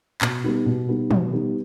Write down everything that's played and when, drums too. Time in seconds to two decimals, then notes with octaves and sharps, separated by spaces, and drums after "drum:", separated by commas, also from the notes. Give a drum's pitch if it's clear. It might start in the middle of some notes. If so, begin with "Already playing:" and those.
0.21 B2, drum: clap
0.44 G3 B3 D#4
0.66 B2
0.88 G3 B3 D#4
1.11 B2, drum: tom
1.32 G3 B3 D#4